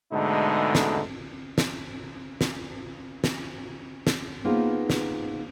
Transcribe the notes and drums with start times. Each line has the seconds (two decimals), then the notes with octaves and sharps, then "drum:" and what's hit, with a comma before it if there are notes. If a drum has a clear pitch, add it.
0.13 G#2 B2 D3 G#3 A3 D#4
0.75 drum: snare
1.58 drum: snare
2.41 drum: snare
3.24 drum: snare
4.07 drum: snare
4.44 A#3 B3 D#4 F4 G#4 C5
4.90 drum: snare